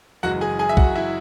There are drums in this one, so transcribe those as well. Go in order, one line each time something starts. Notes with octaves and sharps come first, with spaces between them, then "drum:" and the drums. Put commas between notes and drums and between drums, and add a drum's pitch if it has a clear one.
F#1 F#2 E3 G#3 F#4 F#5
G#4 G#5
G#4 G#5
E5
F#4 F#5, drum: kick
E4 E5